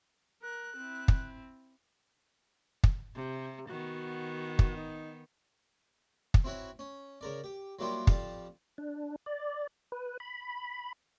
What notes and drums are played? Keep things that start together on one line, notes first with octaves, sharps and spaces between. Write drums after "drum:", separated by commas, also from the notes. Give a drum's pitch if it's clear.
A#4 F#6
C4 E4
drum: kick
drum: kick
C3
D#3 B3 F#4
drum: kick
D#4
drum: kick
C4 E4 F#4 C#5
C#4
C#3 A#4 D5
G4
F#3 G3 A#3 E4 F4 G4
F2 G3 F5 A5, drum: kick
D4
D5
B4
B5